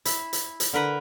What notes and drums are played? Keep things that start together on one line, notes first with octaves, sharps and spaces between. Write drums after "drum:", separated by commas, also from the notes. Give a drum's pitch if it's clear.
E4, drum: hi-hat
drum: hi-hat
drum: hi-hat
D3 A#4 B4 A#5